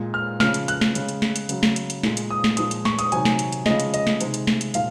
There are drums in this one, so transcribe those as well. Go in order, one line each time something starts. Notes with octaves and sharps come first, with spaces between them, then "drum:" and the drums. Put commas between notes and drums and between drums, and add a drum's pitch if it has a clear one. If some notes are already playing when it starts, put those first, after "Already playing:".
Already playing: A#2 G#3
F6
C#3 F3 G#3 F6, drum: snare
drum: hi-hat
F#6, drum: hi-hat
drum: snare
C#3 G#3, drum: hi-hat
drum: hi-hat
drum: snare
drum: hi-hat
C#3 F#3, drum: hi-hat
drum: snare
drum: hi-hat
drum: hi-hat
A#2 G#3, drum: snare
drum: hi-hat
D#6
drum: snare
A#2 F3 G#3 D#6, drum: hi-hat
drum: hi-hat
C#6, drum: snare
D#6, drum: hi-hat
C3 D#3 F#3 G#5, drum: hi-hat
drum: snare
drum: hi-hat
drum: hi-hat
C#3 F3 G#3 D#5, drum: snare
drum: hi-hat
D#5, drum: hi-hat
drum: snare
C3 D#3 G#3, drum: hi-hat
drum: hi-hat
drum: snare
drum: hi-hat
A#2 F3 G#3 F5, drum: hi-hat